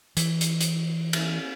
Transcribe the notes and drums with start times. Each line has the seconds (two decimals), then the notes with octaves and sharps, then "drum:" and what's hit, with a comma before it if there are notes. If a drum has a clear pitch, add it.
0.17 E3, drum: hi-hat
0.41 drum: hi-hat
0.61 drum: hi-hat
1.13 drum: cymbal